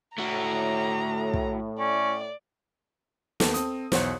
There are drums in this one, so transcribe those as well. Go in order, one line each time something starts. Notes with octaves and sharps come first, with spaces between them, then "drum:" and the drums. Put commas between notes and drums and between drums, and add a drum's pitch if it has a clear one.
A2 A3 F#4 A#5
drum: kick
C#4 D5
D#2 B3 A4, drum: snare
C4 D#6, drum: hi-hat
B1 E2 C5 C#5 F#5, drum: snare